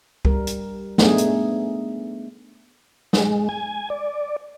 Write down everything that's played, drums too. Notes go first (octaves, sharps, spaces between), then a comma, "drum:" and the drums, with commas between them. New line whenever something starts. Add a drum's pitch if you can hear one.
G3 A#4, drum: kick
drum: hi-hat
A3 B3 D4 D#4 G#4, drum: snare
drum: hi-hat
G#3, drum: snare
G#5
D5